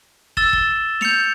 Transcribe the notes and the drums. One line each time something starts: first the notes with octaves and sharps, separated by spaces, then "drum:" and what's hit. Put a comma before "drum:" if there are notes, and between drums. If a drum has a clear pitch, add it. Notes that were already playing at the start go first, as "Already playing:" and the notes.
E6 A6 E7 G7, drum: kick
drum: kick
G6 C#7 F7, drum: snare